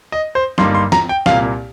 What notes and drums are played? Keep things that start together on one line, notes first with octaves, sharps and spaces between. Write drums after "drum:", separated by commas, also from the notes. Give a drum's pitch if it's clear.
D#5
C5
G1 G2 G3 A#3 D#4 C6, drum: snare
C6
A#5, drum: snare
G5
C2 A#2 A#3 F5, drum: snare